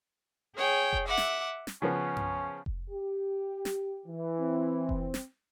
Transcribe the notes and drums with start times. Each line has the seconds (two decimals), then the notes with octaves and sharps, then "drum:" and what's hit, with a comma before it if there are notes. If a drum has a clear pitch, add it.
0.56 G#4 C#5 G5 G#5
0.93 drum: kick F1
1.08 E5 F#5 D6
1.17 drum: snare
1.67 drum: snare
1.82 C#3 F3 B3 C#4
2.17 drum: tom F#2
2.66 drum: kick F1
2.91 G4
3.65 drum: snare
4.06 E3
4.39 C4
4.89 drum: kick F1
5.14 drum: snare